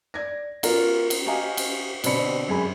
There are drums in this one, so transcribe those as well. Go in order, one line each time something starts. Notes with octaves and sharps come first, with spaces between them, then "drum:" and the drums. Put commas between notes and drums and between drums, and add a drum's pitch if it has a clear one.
D5 G#6 A#6
B3 F4 F#4 A#4, drum: cymbal
drum: cymbal
F#4 G4 D#5 F5 G#5 A#5
drum: cymbal
B2 D3 C4 D5 B5 C#7, drum: cymbal
F#2 G#3 G#4 G#5 B5